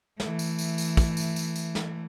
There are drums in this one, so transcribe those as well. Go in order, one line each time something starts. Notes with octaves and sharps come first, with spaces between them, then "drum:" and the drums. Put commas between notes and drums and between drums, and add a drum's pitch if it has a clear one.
E3 A3, drum: snare
drum: tambourine
drum: tambourine
drum: tambourine
drum: kick, tambourine
drum: tambourine
drum: tambourine
drum: tambourine
drum: snare